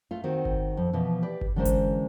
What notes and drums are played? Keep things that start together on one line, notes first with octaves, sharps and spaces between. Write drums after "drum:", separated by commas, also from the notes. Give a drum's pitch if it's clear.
A3 F4
D#3 C4 F#4
drum: kick G1
F2
B2 E3 F3
G4 B4 D5
drum: kick G1
D3 E3 G#3 C#4 A#4 C5
drum: kick G1, hi-hat